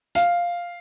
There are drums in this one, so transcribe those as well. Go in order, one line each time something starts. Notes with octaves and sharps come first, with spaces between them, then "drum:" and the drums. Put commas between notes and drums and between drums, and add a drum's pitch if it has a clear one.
F5, drum: tambourine